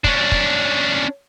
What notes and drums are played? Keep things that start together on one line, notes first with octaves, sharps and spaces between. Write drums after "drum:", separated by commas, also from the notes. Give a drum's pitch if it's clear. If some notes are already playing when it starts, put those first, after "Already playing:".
C#4 D4, drum: kick
drum: kick